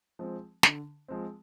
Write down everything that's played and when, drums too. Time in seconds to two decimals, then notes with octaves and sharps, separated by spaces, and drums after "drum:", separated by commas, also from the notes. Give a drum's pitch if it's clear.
0.19 F3 G#3 C4
0.63 D3, drum: snare
1.08 F3 G#3 C4